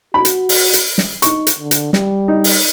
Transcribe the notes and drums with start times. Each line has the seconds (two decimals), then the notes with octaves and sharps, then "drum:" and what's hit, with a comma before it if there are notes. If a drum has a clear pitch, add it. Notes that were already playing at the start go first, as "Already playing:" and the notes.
0.14 F#4 B5
0.25 drum: hi-hat
0.49 drum: open hi-hat
0.73 drum: hi-hat
0.98 drum: snare
1.22 D#4 C#6, drum: hi-hat
1.47 drum: hi-hat
1.59 D3
1.71 drum: hi-hat
1.93 G3, drum: snare
2.28 D#4
2.44 drum: open hi-hat